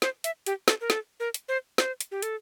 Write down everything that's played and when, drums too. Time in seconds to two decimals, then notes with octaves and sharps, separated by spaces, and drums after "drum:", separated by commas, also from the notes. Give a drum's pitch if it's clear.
0.02 C5, drum: snare
0.24 E5, drum: hi-hat
0.46 G4, drum: hi-hat
0.68 A4, drum: snare
0.81 A#4
0.90 A4, drum: snare
1.20 A#4
1.34 drum: hi-hat
1.48 C5
1.78 C5, drum: snare
2.01 drum: hi-hat
2.11 G4
2.22 A4, drum: hi-hat